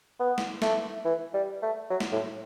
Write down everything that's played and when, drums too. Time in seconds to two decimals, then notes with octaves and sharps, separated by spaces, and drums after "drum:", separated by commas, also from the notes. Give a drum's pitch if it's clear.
0.20 B3
0.38 drum: snare
0.62 A3, drum: snare
1.05 E3
1.34 G3
1.62 A3
1.90 F#3
2.00 drum: snare
2.12 A2